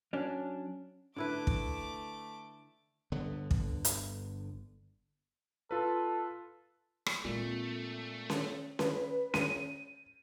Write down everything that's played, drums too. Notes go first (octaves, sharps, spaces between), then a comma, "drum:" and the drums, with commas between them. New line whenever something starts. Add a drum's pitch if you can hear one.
F#3 C#4 D4
D3 A3 E4 B4 D6
drum: kick
G1 D3 B3
drum: kick
drum: hi-hat
F4 A4 B4
drum: rim click
A#2 G#3 A3 C4
drum: snare C#4
B4, drum: snare C#4
D#7, drum: snare C#4